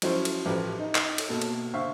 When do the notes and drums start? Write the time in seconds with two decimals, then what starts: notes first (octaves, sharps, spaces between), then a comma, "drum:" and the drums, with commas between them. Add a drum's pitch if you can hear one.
0.02 F3 F#3 C#4 E4 C5, drum: cymbal
0.25 drum: cymbal
0.46 A1 F3 G4 B4 D6
0.78 D#4
0.95 drum: clap
1.18 drum: cymbal
1.29 B2 A#3 A4
1.42 drum: cymbal
1.73 D3 C5 E5 F5 C#6